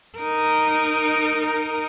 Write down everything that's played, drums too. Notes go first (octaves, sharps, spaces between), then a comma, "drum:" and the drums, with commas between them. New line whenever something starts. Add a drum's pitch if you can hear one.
D#4 A#4, drum: hi-hat
drum: hi-hat
drum: hi-hat
drum: hi-hat
drum: open hi-hat